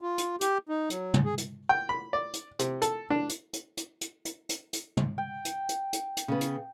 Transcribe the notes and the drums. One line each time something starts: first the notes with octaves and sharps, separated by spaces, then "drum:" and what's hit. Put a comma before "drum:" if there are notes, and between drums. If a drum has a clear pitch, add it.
F4
drum: hi-hat
G4, drum: hi-hat
D#4
F#3, drum: hi-hat
drum: tom
G#4
drum: hi-hat
G5
B5
D5
drum: hi-hat
C3, drum: hi-hat
A4, drum: hi-hat
D4
drum: hi-hat
drum: hi-hat
drum: hi-hat
drum: hi-hat
drum: hi-hat
drum: hi-hat
drum: hi-hat
drum: tom
G5
drum: hi-hat
drum: hi-hat
drum: hi-hat
drum: hi-hat
C#3 B3
drum: hi-hat